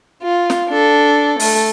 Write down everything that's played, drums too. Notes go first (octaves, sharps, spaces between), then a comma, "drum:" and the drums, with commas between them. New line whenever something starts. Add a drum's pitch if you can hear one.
F4
drum: snare
D4 A4
A3, drum: open hi-hat